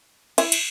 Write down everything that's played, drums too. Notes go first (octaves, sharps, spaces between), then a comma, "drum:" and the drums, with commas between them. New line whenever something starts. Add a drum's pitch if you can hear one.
E4, drum: cymbal
drum: cymbal